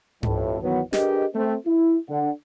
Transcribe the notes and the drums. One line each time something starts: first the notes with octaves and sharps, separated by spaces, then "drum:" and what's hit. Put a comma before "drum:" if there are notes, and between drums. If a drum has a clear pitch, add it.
A1 F2 A2, drum: tom G2
D#3 E3 F#3 B3
D4 G4 G#4 A#4 B4 D#5, drum: snare
A3 C4
E4
D3 F#5